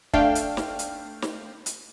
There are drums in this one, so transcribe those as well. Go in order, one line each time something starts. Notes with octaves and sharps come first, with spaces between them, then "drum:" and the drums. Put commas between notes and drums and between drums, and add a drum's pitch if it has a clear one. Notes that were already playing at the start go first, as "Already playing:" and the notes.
A3 D4 F5 G5, drum: kick
drum: hi-hat
drum: snare
drum: hi-hat
drum: snare
drum: hi-hat